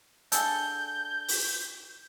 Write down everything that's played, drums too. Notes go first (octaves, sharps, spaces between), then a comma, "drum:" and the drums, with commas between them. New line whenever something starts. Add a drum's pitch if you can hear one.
D3 G#4 A4 G6, drum: hi-hat
drum: open hi-hat